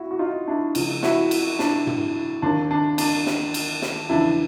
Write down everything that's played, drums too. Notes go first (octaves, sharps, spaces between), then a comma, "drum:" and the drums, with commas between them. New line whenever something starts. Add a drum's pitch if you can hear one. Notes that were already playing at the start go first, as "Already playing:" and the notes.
Already playing: E4 F#4
F#4
D#4 F4
D4 E4
C#2 C#3 F3, drum: cymbal
E4 F#4, drum: snare
drum: cymbal
D4, drum: snare
drum: tom
D#2 D#3 D4
D4
D4, drum: cymbal
drum: snare
drum: cymbal
drum: snare
E2 C#3 F3 D4 E4